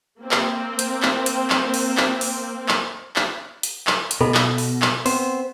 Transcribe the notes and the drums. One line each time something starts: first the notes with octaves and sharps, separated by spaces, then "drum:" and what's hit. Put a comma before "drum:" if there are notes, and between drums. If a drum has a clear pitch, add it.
A#3 C4
drum: clap
drum: hi-hat
drum: clap
drum: hi-hat
drum: clap
drum: open hi-hat
drum: clap
drum: open hi-hat
drum: clap
drum: clap
drum: hi-hat
drum: clap
drum: hi-hat
B2 A4 D#5 B5
drum: clap
drum: open hi-hat
drum: clap
B3 C4 C5, drum: open hi-hat